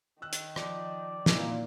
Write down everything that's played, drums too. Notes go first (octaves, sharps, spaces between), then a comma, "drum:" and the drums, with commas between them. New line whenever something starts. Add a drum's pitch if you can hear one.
D#3 E6 F#6
drum: hi-hat
F3 D5, drum: rim click
A#2 D#4 E4 B4, drum: snare